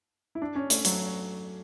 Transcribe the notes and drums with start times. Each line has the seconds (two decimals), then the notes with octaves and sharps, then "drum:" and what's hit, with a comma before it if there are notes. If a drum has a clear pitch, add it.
0.35 E4
0.42 D4
0.55 C#4
0.70 A3, drum: hi-hat
0.85 F#3, drum: hi-hat